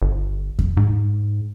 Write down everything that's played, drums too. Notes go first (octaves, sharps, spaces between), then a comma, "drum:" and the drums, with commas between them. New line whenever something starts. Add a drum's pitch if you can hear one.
G1
drum: kick E2
G#2